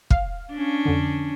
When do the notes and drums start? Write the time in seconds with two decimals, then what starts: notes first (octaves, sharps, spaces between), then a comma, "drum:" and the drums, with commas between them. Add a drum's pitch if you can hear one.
0.10 F5, drum: kick
0.51 C#4 D4
0.85 F2 D3